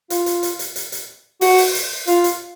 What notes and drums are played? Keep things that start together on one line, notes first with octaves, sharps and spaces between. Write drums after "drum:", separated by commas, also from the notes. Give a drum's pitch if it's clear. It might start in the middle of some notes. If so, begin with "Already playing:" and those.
F4, drum: hi-hat
drum: hi-hat
drum: hi-hat
drum: hi-hat
drum: hi-hat
drum: hi-hat
F#4, drum: open hi-hat
drum: open hi-hat
drum: hi-hat
F4, drum: hi-hat
drum: hi-hat